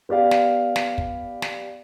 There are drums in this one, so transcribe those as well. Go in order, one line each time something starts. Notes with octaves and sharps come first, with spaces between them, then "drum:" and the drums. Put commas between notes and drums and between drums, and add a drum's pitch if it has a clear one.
B3 G4 D5 F5
drum: snare
drum: snare
drum: kick
drum: snare